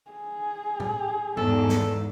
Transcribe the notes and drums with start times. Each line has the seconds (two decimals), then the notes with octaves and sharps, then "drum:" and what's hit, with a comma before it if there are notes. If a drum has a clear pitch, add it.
0.11 G#4
0.80 drum: tom A2
1.37 E2 G#2 A4, drum: tom A2
1.69 drum: snare